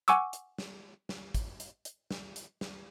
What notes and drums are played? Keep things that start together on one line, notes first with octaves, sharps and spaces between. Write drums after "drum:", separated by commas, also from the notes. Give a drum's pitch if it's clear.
F#5 G#5 C#6 D6 E6, drum: hi-hat
drum: hi-hat
drum: snare
drum: snare
drum: kick, hi-hat
drum: hi-hat
drum: hi-hat
drum: snare
drum: hi-hat
drum: snare